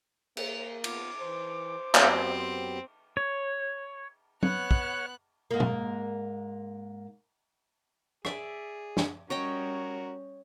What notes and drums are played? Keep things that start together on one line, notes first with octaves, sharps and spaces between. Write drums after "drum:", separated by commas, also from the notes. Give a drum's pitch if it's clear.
A#3 F7, drum: cymbal
B3 F4 D6, drum: cymbal
E3 C5
F#2 B3 C4 G4, drum: clap
C#5
B3 C#5 F#5 F#6, drum: tom
drum: kick
G#2 A#3
drum: tom B2
G#4 D5 E5, drum: rim click
drum: snare
G3 C#4 F#4 A#4 C#5 D#5 G5